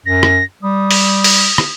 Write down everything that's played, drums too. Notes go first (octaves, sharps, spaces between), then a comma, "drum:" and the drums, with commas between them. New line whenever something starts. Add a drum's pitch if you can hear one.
F#2 A#6
drum: rim click
G3 D#6
drum: open hi-hat
drum: open hi-hat
drum: rim click